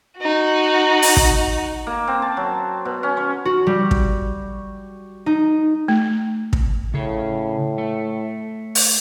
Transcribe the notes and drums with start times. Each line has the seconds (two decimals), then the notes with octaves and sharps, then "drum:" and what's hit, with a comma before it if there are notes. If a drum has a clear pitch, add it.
0.19 D#4 F#4
1.02 drum: open hi-hat
1.17 drum: kick
1.87 A#3
2.07 C4
2.22 A5
2.37 F#3
2.85 B2
3.03 C#4
3.17 C#5
3.45 F#4
3.67 G3
3.91 drum: kick
5.26 D#4
5.88 A3
6.53 drum: kick
6.94 A2 C#3 G#4
7.78 A3
8.75 drum: open hi-hat